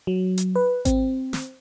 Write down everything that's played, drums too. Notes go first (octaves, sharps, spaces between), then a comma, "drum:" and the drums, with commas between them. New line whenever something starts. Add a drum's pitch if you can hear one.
F#3
drum: hi-hat
B4
C4, drum: kick G#1, hi-hat
drum: snare